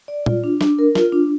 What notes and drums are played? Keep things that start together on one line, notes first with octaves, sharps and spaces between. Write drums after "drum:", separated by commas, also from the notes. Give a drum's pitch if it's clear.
D5
F4, drum: tom A#2
D4
D4, drum: snare
A#4
F4, drum: snare
D4